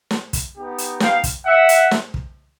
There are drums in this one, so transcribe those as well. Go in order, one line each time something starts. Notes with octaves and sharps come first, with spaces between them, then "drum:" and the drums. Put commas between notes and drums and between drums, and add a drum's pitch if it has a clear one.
drum: snare
drum: kick, hi-hat
B3 D#4 G4
drum: hi-hat
F5 G5, drum: snare
drum: kick, hi-hat
E5 F#5
drum: hi-hat
drum: snare
drum: kick